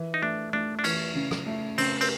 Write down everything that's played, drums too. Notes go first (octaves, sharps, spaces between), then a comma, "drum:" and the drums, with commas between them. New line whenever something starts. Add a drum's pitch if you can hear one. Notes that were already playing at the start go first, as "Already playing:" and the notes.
Already playing: E3
D#4
A3 D4
A3 D4
D4
E3 C#4, drum: cymbal
C#3
drum: rim click
A3
C#3 C4, drum: cymbal
C4, drum: cymbal